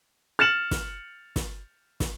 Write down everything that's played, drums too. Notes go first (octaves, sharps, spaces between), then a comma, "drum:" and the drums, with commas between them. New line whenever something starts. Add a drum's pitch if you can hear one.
F6 A6 C#7 E7 F#7
drum: snare
drum: snare
drum: snare